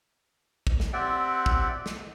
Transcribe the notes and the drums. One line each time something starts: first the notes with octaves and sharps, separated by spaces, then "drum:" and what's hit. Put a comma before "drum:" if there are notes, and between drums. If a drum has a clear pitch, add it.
drum: kick
drum: snare
C4 G4 D5 E5 F#5 G5
drum: kick
drum: snare